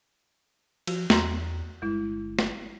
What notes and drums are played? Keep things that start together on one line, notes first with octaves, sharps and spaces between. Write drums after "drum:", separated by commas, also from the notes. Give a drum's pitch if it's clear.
F3 F#4, drum: cymbal
E2 F#4 A#5 C6, drum: snare
G1 G#3 E4
drum: snare